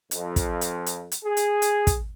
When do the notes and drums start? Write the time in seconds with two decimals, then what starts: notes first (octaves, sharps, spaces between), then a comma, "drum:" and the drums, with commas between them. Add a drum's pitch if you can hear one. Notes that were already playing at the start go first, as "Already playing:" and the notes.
0.11 F2, drum: hi-hat
0.36 drum: kick, hi-hat
0.61 drum: hi-hat
0.86 drum: hi-hat
1.12 drum: hi-hat
1.23 G#4
1.37 drum: hi-hat
1.62 drum: hi-hat
1.87 drum: kick, hi-hat